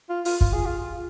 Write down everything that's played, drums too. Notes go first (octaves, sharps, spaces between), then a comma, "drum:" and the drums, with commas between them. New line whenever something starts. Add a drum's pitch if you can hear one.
F4
F4, drum: open hi-hat
F4, drum: kick
G#4
F4